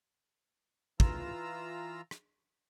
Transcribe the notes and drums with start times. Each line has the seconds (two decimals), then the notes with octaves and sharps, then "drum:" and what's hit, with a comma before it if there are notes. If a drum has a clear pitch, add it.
1.00 E3 F4 A#5 E6, drum: kick
2.11 drum: rim click